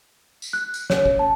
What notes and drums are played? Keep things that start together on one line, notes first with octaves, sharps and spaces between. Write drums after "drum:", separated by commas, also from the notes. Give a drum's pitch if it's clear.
drum: tambourine
F#6
drum: tambourine
C#5, drum: snare
drum: kick
A5